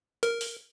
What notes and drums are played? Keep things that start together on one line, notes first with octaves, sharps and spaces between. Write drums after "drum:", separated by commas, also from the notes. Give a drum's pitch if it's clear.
A#4, drum: hi-hat
drum: open hi-hat